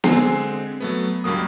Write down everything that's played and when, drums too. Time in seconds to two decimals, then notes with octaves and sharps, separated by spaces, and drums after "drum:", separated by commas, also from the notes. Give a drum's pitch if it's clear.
0.04 D3 G#3 C4 G#5 C7, drum: snare
0.80 F#3 A3 B3
1.24 C#2 G2 F#3 A#3 D#6